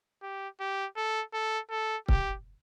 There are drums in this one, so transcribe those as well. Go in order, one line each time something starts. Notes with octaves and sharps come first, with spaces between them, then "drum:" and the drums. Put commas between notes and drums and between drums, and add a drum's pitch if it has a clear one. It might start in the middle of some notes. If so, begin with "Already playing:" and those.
G4
G4
A4
A4
A4
G4, drum: kick C#1